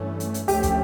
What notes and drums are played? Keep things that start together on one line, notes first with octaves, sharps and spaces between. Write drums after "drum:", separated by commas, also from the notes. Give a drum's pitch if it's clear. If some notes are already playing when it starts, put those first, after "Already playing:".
Already playing: G2 E3 A3 C#4
drum: hi-hat
drum: hi-hat
D2 D3 F3 A3 C#4 G4, drum: open hi-hat
drum: kick, hi-hat